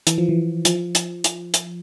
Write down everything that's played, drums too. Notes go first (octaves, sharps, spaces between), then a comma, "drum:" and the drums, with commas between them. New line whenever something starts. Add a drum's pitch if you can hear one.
E3, drum: hi-hat
F3
E3
F3, drum: hi-hat
drum: hi-hat
drum: hi-hat
drum: hi-hat